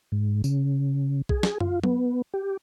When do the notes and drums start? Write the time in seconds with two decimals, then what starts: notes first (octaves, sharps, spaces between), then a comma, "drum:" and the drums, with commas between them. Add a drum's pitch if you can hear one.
0.12 G#2
0.44 C#3, drum: tambourine
1.29 G#4, drum: kick B1
1.43 drum: snare
1.60 F4, drum: tom F#2
1.84 B3, drum: tom F#3
2.34 G4